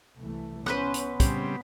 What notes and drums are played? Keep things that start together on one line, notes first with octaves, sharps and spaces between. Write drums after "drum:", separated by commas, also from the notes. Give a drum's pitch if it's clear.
C2 E3 A3
B3 C#4 B4 C5 F#6, drum: rim click
drum: hi-hat
C#3 G3 C4, drum: kick, hi-hat